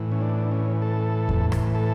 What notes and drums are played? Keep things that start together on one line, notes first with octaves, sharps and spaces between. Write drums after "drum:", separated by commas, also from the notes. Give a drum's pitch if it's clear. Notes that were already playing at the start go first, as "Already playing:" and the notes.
Already playing: A2 E3
C#4
D4
C#4
A4
drum: kick E2
drum: rim click
A4